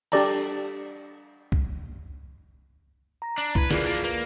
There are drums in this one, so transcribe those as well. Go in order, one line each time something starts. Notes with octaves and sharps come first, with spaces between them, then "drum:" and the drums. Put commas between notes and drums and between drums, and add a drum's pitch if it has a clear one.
D4 G4 A4 D5 A5 A#5, drum: cymbal
drum: kick C2
A#5 A#6
D4, drum: hi-hat
E4 B4 G#6, drum: kick C2
E3 A#3 F4 G#4 D5, drum: snare
A#3 D4
A#3 B4